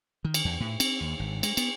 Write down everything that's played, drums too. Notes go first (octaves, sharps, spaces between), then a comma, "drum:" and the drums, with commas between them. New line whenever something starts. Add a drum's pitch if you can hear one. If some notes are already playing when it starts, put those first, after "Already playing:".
D#3
drum: cymbal
E2
A2
C4, drum: cymbal
D#2
G#1
G#3, drum: cymbal
B3, drum: cymbal